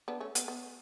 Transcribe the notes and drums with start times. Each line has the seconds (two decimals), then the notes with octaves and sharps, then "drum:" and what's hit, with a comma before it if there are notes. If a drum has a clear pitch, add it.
0.08 B3 D4
0.20 A3 C#4
0.35 B3, drum: hi-hat
0.48 B3